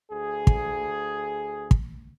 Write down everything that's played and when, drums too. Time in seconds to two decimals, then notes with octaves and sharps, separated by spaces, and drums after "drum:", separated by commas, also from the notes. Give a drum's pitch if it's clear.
0.12 D2 G#4
0.47 drum: kick
1.71 drum: kick